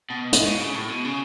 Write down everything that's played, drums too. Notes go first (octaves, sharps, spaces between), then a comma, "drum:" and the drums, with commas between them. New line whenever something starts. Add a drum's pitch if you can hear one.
B2
G#2, drum: hi-hat
B2
C#3
A2
B2
C#3